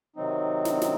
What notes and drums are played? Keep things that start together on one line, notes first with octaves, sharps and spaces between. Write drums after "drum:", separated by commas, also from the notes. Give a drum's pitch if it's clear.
C3 D#3 F#3 C4 D#4
drum: snare
drum: snare